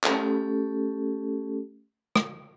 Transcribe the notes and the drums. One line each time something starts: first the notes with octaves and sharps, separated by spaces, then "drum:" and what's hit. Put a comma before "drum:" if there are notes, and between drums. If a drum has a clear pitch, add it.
A3 C#4 G4 A4, drum: clap
drum: rim click